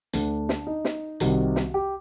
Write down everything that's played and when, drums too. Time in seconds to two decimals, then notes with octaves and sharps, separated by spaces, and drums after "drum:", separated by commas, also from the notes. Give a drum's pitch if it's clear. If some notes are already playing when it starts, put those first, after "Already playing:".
0.13 D2 D3 D4, drum: hi-hat
0.49 drum: snare
0.67 D#4
0.85 drum: snare
1.20 C2 C3 D#3 F#4, drum: hi-hat
1.56 drum: snare
1.74 G4